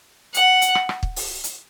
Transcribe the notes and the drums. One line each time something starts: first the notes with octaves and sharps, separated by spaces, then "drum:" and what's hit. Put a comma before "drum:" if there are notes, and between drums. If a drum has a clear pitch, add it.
F#5, drum: hi-hat
drum: hi-hat
drum: rim click
drum: rim click
drum: kick
drum: open hi-hat
drum: hi-hat